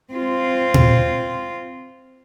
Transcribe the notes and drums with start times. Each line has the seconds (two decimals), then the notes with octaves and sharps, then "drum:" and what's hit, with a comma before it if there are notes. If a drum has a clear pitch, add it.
0.13 C4 F4
0.74 drum: tom A#2